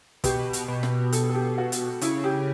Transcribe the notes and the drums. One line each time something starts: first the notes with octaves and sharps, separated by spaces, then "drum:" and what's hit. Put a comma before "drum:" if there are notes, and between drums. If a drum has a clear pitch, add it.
B2 G4, drum: kick, hi-hat
drum: hi-hat
B2
drum: snare
A4, drum: hi-hat
A4
G4
F#4
drum: hi-hat
C#3 E4, drum: hi-hat
G4